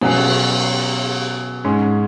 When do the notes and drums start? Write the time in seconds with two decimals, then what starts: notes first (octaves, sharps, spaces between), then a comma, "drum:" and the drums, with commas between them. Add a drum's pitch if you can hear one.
0.01 B2 F#3 C#4 G#4, drum: cymbal
1.64 G#2 G#3 C#4